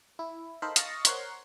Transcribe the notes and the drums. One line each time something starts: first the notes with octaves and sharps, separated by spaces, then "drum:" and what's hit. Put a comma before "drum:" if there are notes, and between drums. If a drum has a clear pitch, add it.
E4
D#4 A4 A#4 C5 F5 B5
D#5 F5 C#6 A6 A#6, drum: hi-hat
A#4 C5 C#5 F#5 C6, drum: hi-hat